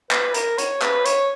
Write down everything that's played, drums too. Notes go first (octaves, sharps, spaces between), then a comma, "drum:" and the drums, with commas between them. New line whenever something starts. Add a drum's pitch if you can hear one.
B4, drum: clap
A#4, drum: hi-hat
C#5, drum: hi-hat
B4, drum: clap
C#5, drum: hi-hat